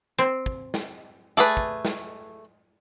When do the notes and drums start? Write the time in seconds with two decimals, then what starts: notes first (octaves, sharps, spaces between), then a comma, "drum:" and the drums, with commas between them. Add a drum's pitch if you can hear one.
0.18 C4
0.46 drum: kick
0.74 drum: snare
1.37 A3 G#4 B4 D5
1.57 drum: kick
1.85 drum: snare